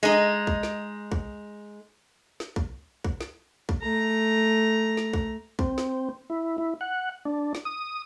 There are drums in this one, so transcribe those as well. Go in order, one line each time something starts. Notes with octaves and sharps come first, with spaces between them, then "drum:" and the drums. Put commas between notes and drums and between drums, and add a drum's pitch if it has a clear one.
G#3 D#4
drum: kick
drum: snare
drum: kick
drum: snare
drum: kick
drum: kick
drum: snare
drum: kick
A3 A#5
drum: snare
drum: kick
C4, drum: kick
drum: snare
E4
E4
F#5
D4
drum: snare
D#6